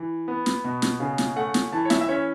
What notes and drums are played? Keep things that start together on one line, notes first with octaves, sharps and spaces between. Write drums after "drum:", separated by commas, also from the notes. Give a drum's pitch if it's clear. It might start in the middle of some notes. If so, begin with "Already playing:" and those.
Already playing: E3
B3
drum: snare
B2
drum: snare
C#3
drum: snare
A3 F#5
drum: snare
E3 A5
C#5
E5, drum: snare
E5
C#4 C#5